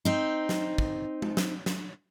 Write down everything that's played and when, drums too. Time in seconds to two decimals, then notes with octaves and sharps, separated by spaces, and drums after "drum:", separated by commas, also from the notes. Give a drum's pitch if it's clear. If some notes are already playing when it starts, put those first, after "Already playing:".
0.05 C4 D#4
0.49 drum: snare
0.78 drum: kick
1.22 drum: tom G#3
1.37 drum: snare
1.66 drum: snare